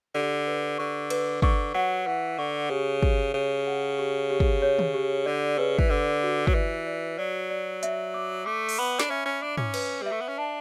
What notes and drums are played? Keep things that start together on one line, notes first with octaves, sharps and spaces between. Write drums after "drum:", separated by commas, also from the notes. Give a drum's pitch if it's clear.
D3 G4
B4
D3 C#6
B4, drum: cymbal
D3 C#6, drum: kick
F#3 F#5
E3 F#5
D3 C#6
C#3 G4
G4, drum: kick
C#3 C#5
F#5
G4
G4
drum: kick
C#5
drum: tom
G4
D3 D5
C#3 B4
E3, drum: kick
D3 B4
F#4
F#3, drum: kick
E3 D5
D5
F#3 D5
D5
E5, drum: hi-hat
D6
A3 D6
drum: open hi-hat
B3 B5
D4, drum: snare
C#4 E5
C#4
D4 D6
C#4, drum: tom
B4, drum: cymbal
G3 E5
A3
B3
C#4
D4 A5